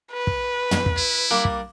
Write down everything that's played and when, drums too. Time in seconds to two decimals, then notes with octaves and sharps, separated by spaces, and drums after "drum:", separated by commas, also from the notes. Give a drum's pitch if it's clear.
0.12 B4
0.27 drum: kick
0.71 drum: tom
0.86 drum: kick
0.97 E4
1.31 G3 A#3 D4
1.45 drum: kick